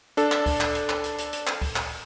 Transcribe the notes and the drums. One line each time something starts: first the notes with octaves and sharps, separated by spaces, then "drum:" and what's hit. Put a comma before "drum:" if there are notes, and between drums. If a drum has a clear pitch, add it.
D4 A4, drum: hi-hat
drum: clap
drum: kick C#2, open hi-hat
drum: clap
drum: hi-hat
drum: clap
drum: hi-hat
drum: hi-hat
drum: hi-hat
drum: clap
drum: kick C#2, open hi-hat
drum: clap